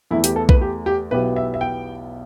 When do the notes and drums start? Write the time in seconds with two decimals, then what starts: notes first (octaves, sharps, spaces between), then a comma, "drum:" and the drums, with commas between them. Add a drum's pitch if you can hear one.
0.11 E2 E3 A3 E4
0.24 G4, drum: hi-hat
0.36 A4
0.49 B4, drum: kick B1
0.61 G4
0.86 G4
1.11 B1 B2 B3 E4 G4 B4
1.36 E5
1.54 E5
1.61 G5